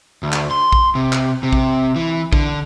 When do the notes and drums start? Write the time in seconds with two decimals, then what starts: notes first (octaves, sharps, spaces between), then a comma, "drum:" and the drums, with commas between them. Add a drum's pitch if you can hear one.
0.23 D2
0.33 drum: clap
0.51 C6
0.73 drum: kick A#1
0.95 C3
1.13 drum: clap
1.43 C3
1.53 drum: kick A#1
1.96 E3
2.33 D3, drum: kick A#1